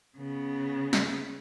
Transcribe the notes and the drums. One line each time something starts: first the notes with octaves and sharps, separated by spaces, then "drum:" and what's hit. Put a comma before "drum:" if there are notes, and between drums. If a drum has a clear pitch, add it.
C#3 B3
drum: snare